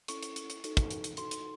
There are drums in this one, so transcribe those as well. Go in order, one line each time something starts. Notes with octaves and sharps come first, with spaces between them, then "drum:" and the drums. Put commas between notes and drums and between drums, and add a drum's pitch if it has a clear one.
C#4 E4 A4 C#6, drum: hi-hat
drum: hi-hat
drum: hi-hat
drum: hi-hat
D#4 F#4 A4, drum: hi-hat
drum: kick, hi-hat
drum: hi-hat
drum: hi-hat
D#4 F#4 A4 C6, drum: hi-hat
drum: hi-hat